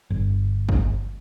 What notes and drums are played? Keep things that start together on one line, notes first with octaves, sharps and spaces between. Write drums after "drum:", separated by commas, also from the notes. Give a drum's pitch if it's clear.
G1
drum: kick G1